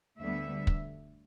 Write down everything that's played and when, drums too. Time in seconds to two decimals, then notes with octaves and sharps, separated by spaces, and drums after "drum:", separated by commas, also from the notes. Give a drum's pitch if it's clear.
0.18 D2 D3 G3 B3 E5
0.67 drum: kick